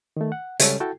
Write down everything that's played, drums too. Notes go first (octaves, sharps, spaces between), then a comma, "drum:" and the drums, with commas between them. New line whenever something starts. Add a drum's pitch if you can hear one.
D#3 A3
F#5
C#3 G3 G#3 C#4 A4, drum: hi-hat
E4 F#4 A4 G5 A5